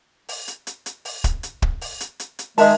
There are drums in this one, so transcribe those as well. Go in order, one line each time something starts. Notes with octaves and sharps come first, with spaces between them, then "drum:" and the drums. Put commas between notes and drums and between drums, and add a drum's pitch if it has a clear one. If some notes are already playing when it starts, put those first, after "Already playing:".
drum: open hi-hat
drum: hi-hat
drum: hi-hat
drum: hi-hat
drum: open hi-hat
drum: kick, hi-hat
drum: hi-hat
drum: kick
drum: open hi-hat
drum: hi-hat
drum: hi-hat
drum: hi-hat
D#3 G#3 G#4 E5 A5, drum: open hi-hat